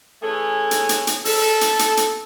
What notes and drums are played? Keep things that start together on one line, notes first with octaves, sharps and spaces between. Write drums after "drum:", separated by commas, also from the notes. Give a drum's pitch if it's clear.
E3 A3 C#4 G#4 A4 C#5
drum: hi-hat
drum: hi-hat
drum: hi-hat
A4, drum: open hi-hat
drum: hi-hat
drum: hi-hat
drum: hi-hat